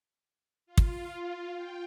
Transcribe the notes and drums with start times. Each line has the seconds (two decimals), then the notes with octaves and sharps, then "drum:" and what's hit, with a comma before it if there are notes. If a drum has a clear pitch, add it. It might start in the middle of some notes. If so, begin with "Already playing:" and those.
0.66 F4
0.78 drum: kick
1.55 G5